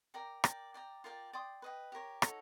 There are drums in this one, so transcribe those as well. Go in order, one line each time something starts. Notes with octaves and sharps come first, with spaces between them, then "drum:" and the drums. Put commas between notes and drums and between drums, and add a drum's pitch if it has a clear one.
A#4 D5 G5 A#5
A#4 D5 G5, drum: rim click
D5 G5 A#5
F4 A#4 D5 G5
D5 G5 C6 D#6
B4 D#5 G5
G4 A#4 C#5
D#4 F#4 A4 C#5, drum: rim click